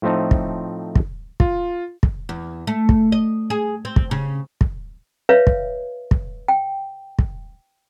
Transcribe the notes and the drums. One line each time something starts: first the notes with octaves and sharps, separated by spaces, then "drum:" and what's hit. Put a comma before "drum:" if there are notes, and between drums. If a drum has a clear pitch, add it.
A2 F3 A3 C4 D#4
drum: kick
drum: kick
F4, drum: kick
drum: kick
E2
A3
drum: kick
D#5
G#4
C4
drum: kick
C#3
drum: kick
B4 C#5 E5 F5
drum: kick
drum: kick
G5
drum: kick